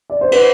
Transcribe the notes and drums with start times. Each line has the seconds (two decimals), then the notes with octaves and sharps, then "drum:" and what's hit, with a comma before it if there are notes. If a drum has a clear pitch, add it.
0.10 D5
0.21 C5
0.32 B4, drum: cymbal